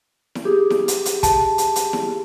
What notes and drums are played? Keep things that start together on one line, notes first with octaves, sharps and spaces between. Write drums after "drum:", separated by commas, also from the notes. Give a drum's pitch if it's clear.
drum: snare E4
G4 G#4
drum: snare E4
drum: hi-hat
drum: hi-hat
A5, drum: kick, hi-hat
drum: hi-hat
drum: hi-hat
drum: snare E4